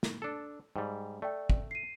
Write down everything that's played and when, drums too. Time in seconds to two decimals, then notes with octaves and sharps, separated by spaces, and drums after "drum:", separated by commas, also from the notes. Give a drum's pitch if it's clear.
0.03 drum: snare
0.22 D4 A4
0.76 G#2 G3 G5
1.22 A3 D5 G5
1.50 drum: kick
1.71 C7 D#7